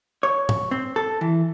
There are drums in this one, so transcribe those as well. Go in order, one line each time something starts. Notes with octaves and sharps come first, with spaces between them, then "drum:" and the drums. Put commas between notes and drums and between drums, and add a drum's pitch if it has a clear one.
C#5
drum: tom G#2
C4
A4
E3